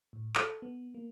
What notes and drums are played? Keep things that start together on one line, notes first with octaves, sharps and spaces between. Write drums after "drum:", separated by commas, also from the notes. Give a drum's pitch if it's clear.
A2
A4, drum: clap
B3
A#3